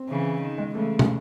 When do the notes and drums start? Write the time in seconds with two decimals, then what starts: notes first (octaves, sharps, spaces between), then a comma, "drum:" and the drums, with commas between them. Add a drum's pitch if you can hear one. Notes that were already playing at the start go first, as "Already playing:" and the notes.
Already playing: C4
0.09 C#3 E3
0.42 D#3
0.58 G#3
0.74 C#3 E3 A3
0.99 drum: tom